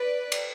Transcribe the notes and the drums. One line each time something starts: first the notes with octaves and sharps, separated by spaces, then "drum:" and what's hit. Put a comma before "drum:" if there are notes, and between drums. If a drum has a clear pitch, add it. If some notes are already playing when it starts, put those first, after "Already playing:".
Already playing: B4 D5
drum: cymbal